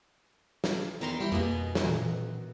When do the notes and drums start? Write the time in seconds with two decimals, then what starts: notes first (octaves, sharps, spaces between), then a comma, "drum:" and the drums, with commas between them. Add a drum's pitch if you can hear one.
0.64 drum: snare
1.01 E2 D#3 A#5 C6
1.20 G3 E4 G5
1.32 F2 B2 A#3 B3 G#4
1.75 drum: snare
1.85 A#2 D#3 E3